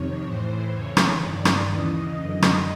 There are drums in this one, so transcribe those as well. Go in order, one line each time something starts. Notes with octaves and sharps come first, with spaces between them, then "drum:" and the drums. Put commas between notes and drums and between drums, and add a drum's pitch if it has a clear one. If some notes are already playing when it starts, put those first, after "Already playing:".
Already playing: F2 C3 D#3 C#5
A2 E3 C5
F2 C#3 E3 C#5
drum: rim click
G2 D#3 D5
drum: rim click
D#2 C#3 E3 D#5
F#2 D3
drum: rim click